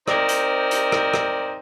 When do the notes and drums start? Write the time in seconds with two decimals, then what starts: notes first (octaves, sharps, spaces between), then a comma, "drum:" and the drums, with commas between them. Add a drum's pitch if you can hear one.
0.08 C4 D#4 A#4 C5 D5, drum: rim click
0.29 drum: hi-hat
0.71 drum: hi-hat
0.92 drum: rim click
1.14 drum: rim click